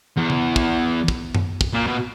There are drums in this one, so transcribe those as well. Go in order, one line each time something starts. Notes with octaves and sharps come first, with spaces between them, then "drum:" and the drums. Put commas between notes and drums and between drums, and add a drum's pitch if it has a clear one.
E2
drum: tom C#3
drum: kick
drum: kick
drum: tom F#2
drum: kick
A#2
B2